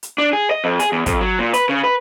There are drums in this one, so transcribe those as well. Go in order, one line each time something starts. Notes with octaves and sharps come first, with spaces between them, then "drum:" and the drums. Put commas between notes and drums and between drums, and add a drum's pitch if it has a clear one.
drum: hi-hat
D4
G#4
D#5
F2
G#4, drum: hi-hat
E2
F2, drum: kick, hi-hat
F#3
A#2
B4, drum: hi-hat
C#3
B4